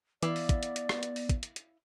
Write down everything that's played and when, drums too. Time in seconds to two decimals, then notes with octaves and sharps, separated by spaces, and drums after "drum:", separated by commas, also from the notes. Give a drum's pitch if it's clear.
0.23 E3 B3 E4 D5 F5 D6, drum: hi-hat
0.36 drum: open hi-hat
0.49 drum: kick, hi-hat
0.63 drum: hi-hat
0.76 drum: hi-hat
0.89 drum: rim click
1.03 drum: hi-hat
1.16 drum: open hi-hat
1.29 drum: kick, hi-hat
1.43 drum: hi-hat
1.56 drum: hi-hat